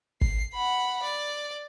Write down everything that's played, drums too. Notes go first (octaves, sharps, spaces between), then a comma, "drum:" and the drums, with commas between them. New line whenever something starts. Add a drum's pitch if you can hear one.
C7, drum: kick
F#5 B5
D5